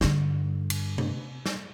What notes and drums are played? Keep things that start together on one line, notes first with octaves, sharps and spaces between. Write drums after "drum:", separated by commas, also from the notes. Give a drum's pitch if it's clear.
G2 D3, drum: snare
drum: cymbal
drum: tom
drum: snare